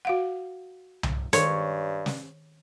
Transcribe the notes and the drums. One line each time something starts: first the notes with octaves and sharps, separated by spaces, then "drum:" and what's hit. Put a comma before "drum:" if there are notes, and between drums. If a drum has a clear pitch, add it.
F#4 F5 F#5
drum: tom C2
G2 D#3 C#5, drum: hi-hat
drum: snare